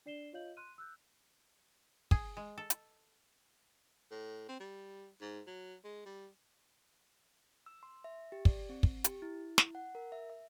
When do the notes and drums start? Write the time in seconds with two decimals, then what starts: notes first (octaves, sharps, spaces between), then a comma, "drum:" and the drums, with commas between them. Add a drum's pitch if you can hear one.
0.06 D4 D5 C7 E7 G7
0.33 F4 C#5 D#5 F5 G6 F#7
0.57 C6 F6 F#6 D#7
0.78 E6 F#6 G6
2.11 G#4, drum: kick
2.37 G#3
2.58 A4
2.70 drum: hi-hat
4.11 A2
4.48 C4
4.60 G3
5.21 G#2
5.47 F#3
5.84 G#3
6.06 G3
7.66 E6
7.83 C6
8.04 E5
8.32 G4
8.45 D5, drum: kick
8.69 C4
8.83 drum: kick
9.04 G4, drum: hi-hat
9.22 E4
9.58 drum: snare
9.75 F#5
9.95 A#4
10.12 E5
10.30 E5